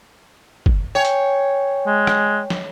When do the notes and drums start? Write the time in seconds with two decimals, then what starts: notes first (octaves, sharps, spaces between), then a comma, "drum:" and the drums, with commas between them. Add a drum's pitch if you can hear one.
0.66 drum: kick G1
0.95 C#5 G5 G#5
1.05 drum: hi-hat
1.87 G#3
2.07 drum: rim click
2.50 drum: snare